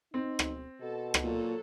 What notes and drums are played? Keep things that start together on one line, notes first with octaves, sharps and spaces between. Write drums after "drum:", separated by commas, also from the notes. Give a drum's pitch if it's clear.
C4 D#4
drum: rim click
B2 A4 A5
drum: rim click
A#2 F#3 A4